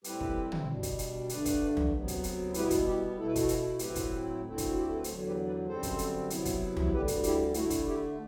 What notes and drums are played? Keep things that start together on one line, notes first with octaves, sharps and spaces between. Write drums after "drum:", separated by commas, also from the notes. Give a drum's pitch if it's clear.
A2 G3 C4 E4 G4 B4, drum: hi-hat
drum: kick
drum: tom
B2 G3 D4
drum: kick, hi-hat
drum: hi-hat
G2 D3 A3 D4 B4 D5, drum: hi-hat
drum: kick, hi-hat
drum: tom
D2 C3 F#3 B3
drum: kick, hi-hat
drum: hi-hat
B2 G3 B3 E4 G4 B4, drum: hi-hat
drum: kick, hi-hat
E4 G4
B2 A3 E4 A4
B4
F#4 A4, drum: kick, hi-hat
drum: hi-hat
A2 F#3 A3 C4 E4 G4 B4, drum: hi-hat
drum: kick, hi-hat
D2 D3 A3 C4 E4
drum: kick, hi-hat
F#4
G4
A4
B4
E2 D3 F#3 A4 C5, drum: hi-hat
G4 B4
B4 D5
F#2 D3 G3 C4 A4 C5
drum: kick, hi-hat
drum: hi-hat
C3 F#3 B3 E4, drum: hi-hat
drum: kick, hi-hat
drum: tom
D2 D3 G3 G4 B4
drum: kick, hi-hat
E4 G4, drum: hi-hat
D3 A3 E4 F#4, drum: hi-hat
drum: kick, hi-hat
E4 G4